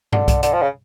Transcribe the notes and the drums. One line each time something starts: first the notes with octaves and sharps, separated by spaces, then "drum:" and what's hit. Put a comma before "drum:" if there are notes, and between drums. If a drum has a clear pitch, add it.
D3, drum: tom G2
drum: kick B1, hi-hat
D3, drum: hi-hat
F3
C#3